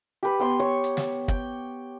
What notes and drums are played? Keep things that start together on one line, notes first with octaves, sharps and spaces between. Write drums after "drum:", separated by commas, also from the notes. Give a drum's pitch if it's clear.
G4 B4
B3 G5 C6
C#5 C#6
drum: hi-hat
drum: snare
G5, drum: kick